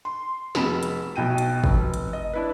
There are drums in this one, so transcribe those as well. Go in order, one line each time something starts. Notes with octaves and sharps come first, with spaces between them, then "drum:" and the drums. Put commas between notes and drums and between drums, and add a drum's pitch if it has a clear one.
C6
F1 F#4 G#4 B5 E7, drum: snare
drum: hi-hat
B1 B2 G5 D#7
drum: hi-hat
F1, drum: kick
drum: hi-hat
D#5
D4 E4 B4